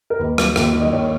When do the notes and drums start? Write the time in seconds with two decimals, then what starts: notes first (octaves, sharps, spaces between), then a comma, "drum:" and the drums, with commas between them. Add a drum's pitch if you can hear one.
0.10 A#4
0.19 D#2 B4
0.38 F#3, drum: rim click
0.56 D#2, drum: rim click
0.73 D#3
0.81 D#5
0.92 D#2 C#5